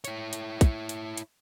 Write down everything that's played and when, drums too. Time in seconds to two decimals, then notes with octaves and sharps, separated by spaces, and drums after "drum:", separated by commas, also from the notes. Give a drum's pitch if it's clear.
0.04 E4 C#5, drum: hi-hat
0.33 drum: hi-hat
0.61 drum: kick, hi-hat
0.89 drum: hi-hat
1.18 drum: hi-hat